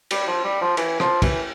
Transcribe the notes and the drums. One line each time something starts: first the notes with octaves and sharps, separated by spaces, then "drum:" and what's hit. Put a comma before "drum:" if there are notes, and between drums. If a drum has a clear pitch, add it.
G3, drum: cymbal
F3
G3
F3
E3, drum: cymbal
F3, drum: rim click
E3, drum: kick, cymbal